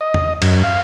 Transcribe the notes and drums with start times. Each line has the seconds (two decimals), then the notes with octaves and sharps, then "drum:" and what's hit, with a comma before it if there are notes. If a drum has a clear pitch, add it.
0.01 D#5
0.14 drum: tom E2
0.42 F#2, drum: cymbal
0.63 F5